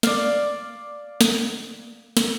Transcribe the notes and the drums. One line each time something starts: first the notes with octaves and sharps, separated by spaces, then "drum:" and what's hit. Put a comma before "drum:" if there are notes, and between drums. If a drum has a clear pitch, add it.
D5 F5, drum: snare
drum: snare
drum: snare